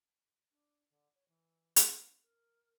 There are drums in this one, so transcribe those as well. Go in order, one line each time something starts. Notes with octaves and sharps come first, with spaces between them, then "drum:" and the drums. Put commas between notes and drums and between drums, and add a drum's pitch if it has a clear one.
D4
D3
C#5
E3
drum: hi-hat
C#4
A#4